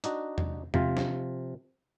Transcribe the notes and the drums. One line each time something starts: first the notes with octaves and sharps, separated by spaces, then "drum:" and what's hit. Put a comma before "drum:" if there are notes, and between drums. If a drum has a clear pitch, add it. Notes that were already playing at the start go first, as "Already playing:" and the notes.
D4 D#4 F#4, drum: hi-hat
drum: tom E2
C3 F3 F4, drum: tom E2
drum: snare